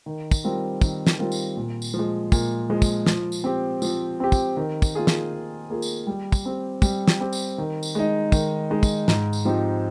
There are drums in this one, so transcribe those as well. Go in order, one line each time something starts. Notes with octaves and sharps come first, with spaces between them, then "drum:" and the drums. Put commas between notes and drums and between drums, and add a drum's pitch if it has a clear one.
D#3
drum: kick, tambourine
G3 C4 F4 A#4
D#3, drum: kick, tambourine
drum: snare
G3 C4 F4 A#4
drum: tambourine
A#2
drum: tambourine
F3
G#3
A#2, drum: kick, tambourine
F3 G#3
drum: kick, tambourine
F3, drum: snare
drum: tambourine
C4 G4
F3, drum: tambourine
C4 G4
drum: kick, tambourine
D#3
drum: kick, tambourine
A#3 F4 G#4
drum: snare
D#3
A#3 F4 G#4
drum: tambourine
G3
drum: kick, tambourine
C4 G4
G3, drum: kick, tambourine
drum: snare
C4 G4
drum: tambourine
D#3
drum: tambourine
G#3 D#4
D#3, drum: kick, tambourine
G#3 D#4
drum: kick, tambourine
G#2, drum: snare
drum: tambourine
F3 C4 D#4 G4